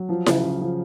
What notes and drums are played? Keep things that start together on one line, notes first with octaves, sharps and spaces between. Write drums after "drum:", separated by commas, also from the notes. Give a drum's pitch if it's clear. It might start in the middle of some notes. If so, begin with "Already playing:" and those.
Already playing: F#3
F3
C#3, drum: snare E4
C#3
F3